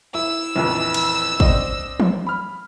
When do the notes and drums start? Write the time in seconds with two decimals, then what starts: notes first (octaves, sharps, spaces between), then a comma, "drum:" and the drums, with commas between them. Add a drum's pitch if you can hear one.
0.15 E4 E6
0.56 A#1 F2 E3
0.94 drum: cymbal
1.40 C4 D4 D#5, drum: kick
2.00 drum: tom E3
2.27 B5 F6